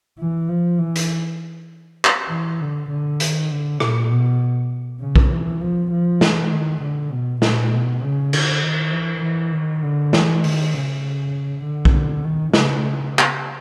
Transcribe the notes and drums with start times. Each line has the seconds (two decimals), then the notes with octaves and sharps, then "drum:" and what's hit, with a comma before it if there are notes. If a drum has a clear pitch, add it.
0.19 E3
0.49 F3
0.79 E3
0.96 drum: hi-hat
2.05 drum: clap
2.30 E3
2.61 D3
2.90 D3
3.20 D#3, drum: hi-hat
3.51 D3
3.80 A#2, drum: rim click
4.11 B2
5.01 C#3
5.16 drum: kick B1
5.31 E3
5.61 F3
5.92 F3
6.21 E3, drum: snare
6.52 D#3
6.82 D3
7.12 B2
7.42 A#2, drum: snare
7.72 B2
8.02 C#3
8.33 D3, drum: cymbal
8.63 D#3
8.92 E3
9.23 E3
9.52 D#3
9.83 D3
10.13 E3, drum: snare
10.44 D#3, drum: open hi-hat
10.74 C#3
11.64 D3
11.85 drum: kick B1
12.24 D#3
12.54 C#3, drum: snare
13.19 drum: clap